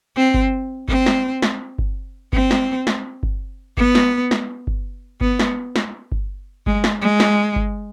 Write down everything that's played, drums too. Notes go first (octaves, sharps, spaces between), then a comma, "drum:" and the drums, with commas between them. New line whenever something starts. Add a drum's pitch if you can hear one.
C4
drum: kick G1
C4, drum: kick G1
drum: snare
drum: snare
drum: kick G1
C4, drum: kick G1
drum: snare
drum: snare
drum: kick G1
B3, drum: kick G1
drum: snare
drum: snare
drum: kick G1
B3, drum: kick G1
drum: snare
drum: snare
drum: kick G1
G#3, drum: kick G1
drum: snare
G#3
drum: snare
drum: kick G1